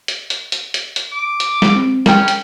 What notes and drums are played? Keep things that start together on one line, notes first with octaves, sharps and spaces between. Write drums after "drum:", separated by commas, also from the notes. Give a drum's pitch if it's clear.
drum: hi-hat
drum: hi-hat
drum: hi-hat
drum: hi-hat
drum: hi-hat
D6
drum: hi-hat
drum: snare
C4
C#4 A#4 G5, drum: snare
drum: hi-hat